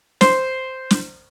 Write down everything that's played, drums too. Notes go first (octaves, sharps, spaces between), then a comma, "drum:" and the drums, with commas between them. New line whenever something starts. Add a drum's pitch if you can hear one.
C5, drum: snare
drum: snare